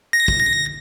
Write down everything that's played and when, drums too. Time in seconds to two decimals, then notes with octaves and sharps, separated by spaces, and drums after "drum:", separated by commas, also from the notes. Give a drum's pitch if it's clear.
0.13 A#6
0.28 drum: kick